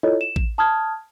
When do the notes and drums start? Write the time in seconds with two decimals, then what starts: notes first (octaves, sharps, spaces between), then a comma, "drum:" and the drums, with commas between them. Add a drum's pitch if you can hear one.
0.03 E4 F4 A4 C#5 D#5
0.21 E7
0.36 drum: kick A1
0.58 A5 D#6 F6 G#6